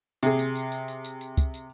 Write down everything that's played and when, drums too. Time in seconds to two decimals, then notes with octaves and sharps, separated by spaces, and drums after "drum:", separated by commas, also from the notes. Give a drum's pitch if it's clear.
0.23 C3 G#4, drum: tambourine
0.39 drum: tambourine
0.56 drum: tambourine
0.72 drum: tambourine
0.88 drum: tambourine
1.05 drum: tambourine
1.21 drum: tambourine
1.38 drum: kick, tambourine
1.54 drum: tambourine